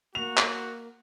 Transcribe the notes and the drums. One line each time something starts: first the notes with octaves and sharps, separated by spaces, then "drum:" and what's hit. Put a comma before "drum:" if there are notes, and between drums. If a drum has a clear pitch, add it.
A#3 F#4 F7
drum: clap